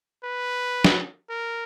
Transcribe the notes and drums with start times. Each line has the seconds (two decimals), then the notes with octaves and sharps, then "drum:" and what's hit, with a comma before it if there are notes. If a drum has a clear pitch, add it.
0.24 B4
0.84 drum: snare
1.30 A#4